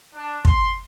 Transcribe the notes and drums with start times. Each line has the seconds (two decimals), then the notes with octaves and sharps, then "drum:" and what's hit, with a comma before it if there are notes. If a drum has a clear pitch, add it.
0.14 D4
0.45 C6, drum: kick